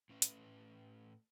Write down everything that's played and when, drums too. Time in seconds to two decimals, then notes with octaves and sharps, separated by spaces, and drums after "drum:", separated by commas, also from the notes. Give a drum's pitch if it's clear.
0.09 A2 C#4 B4 E5
0.22 drum: hi-hat